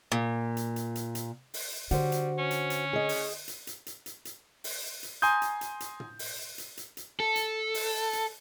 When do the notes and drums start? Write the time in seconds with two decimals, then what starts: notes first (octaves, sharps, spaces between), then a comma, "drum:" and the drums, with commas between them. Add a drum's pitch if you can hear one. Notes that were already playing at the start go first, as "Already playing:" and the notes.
0.12 A#2
0.57 drum: hi-hat
0.76 drum: hi-hat
0.95 drum: hi-hat
1.15 drum: hi-hat
1.54 drum: open hi-hat
1.91 D3 G3 F#4 C5, drum: hi-hat
2.12 drum: hi-hat
2.38 C#4
2.51 drum: hi-hat
2.70 drum: hi-hat
2.93 G#4 D#5
3.09 drum: open hi-hat
3.48 drum: hi-hat
3.67 drum: hi-hat
3.86 drum: hi-hat
4.06 drum: hi-hat
4.25 drum: hi-hat
4.64 drum: open hi-hat
5.03 drum: hi-hat
5.22 G#5 A#5 C6 D#6 G6, drum: hi-hat
5.42 drum: hi-hat
5.61 drum: hi-hat
5.80 drum: hi-hat
6.00 drum: tom
6.19 drum: open hi-hat
6.58 drum: hi-hat
6.77 drum: hi-hat
6.97 drum: hi-hat
7.20 A4
7.36 drum: hi-hat
7.74 drum: open hi-hat
8.13 drum: hi-hat